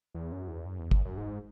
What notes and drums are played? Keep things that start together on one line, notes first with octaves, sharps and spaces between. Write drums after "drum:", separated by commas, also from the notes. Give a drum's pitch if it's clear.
E2
F#2
E2
F#2
E2
F#2, drum: kick
F#2
G#2